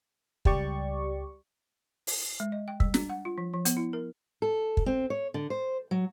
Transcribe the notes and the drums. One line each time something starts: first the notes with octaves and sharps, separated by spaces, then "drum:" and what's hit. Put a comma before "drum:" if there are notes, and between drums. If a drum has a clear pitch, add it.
C#2 G3 G4 D5 C#6, drum: kick
drum: open hi-hat
G#3
D#5
G5
G3, drum: kick
D4, drum: snare
F#5
F4
F3
F3
B3, drum: hi-hat
E4
A#4
A4
drum: kick
C4
C#5
D3
C5
F#3